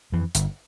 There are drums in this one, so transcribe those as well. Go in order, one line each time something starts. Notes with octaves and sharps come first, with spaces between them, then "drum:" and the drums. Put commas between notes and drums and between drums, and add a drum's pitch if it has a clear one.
F2 E3
G1, drum: hi-hat